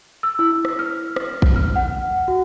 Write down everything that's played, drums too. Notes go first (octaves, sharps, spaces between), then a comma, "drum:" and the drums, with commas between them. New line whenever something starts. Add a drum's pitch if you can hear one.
E6
E4
drum: rim click
F6
drum: rim click
drum: kick
F6
F#5
F#4